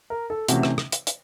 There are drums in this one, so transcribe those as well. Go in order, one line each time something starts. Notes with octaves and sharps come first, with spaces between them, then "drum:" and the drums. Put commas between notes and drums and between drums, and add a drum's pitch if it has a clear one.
A#4
A4
C3 E3 A3 C#4 F#4, drum: hi-hat
drum: rim click
drum: rim click
drum: hi-hat
drum: hi-hat